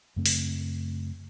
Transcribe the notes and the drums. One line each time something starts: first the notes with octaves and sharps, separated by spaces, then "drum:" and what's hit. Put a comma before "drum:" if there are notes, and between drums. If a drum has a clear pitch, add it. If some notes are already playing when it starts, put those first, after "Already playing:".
F#2 C#3 A3 C4
drum: open hi-hat